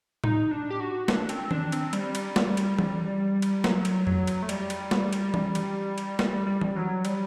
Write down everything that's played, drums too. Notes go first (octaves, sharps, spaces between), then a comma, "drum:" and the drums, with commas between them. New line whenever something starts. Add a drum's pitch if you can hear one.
D#4, drum: tom A2
D4
G4
F#4
D4, drum: snare
C4, drum: cymbal
D4, drum: tom D#3
C4, drum: cymbal
G3, drum: cymbal
drum: cymbal
drum: snare
drum: cymbal
drum: tom E3
drum: cymbal
F#3, drum: snare
drum: cymbal
F#3, drum: tom F2
drum: cymbal
A3
G3, drum: cymbal
drum: cymbal
drum: snare
drum: cymbal
drum: tom E3
drum: cymbal
drum: cymbal
G3, drum: snare
G3
drum: tom E3
F#3
G3, drum: cymbal